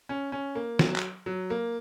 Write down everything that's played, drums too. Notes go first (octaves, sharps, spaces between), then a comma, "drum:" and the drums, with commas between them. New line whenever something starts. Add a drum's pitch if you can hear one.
C#4
C#4
A#3
F#3, drum: snare
drum: clap
F#3
A#3